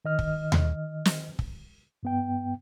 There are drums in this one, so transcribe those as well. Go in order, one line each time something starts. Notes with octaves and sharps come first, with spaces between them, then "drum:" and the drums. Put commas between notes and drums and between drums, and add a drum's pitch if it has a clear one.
D#3 D#5 F6
drum: kick
drum: tom D#2
drum: snare
drum: kick
G2 B3 G5